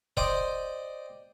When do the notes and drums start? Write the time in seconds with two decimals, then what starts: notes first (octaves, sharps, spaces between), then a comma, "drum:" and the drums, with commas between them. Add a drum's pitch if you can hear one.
0.17 C5 D5 D#5 G5 C6, drum: kick E1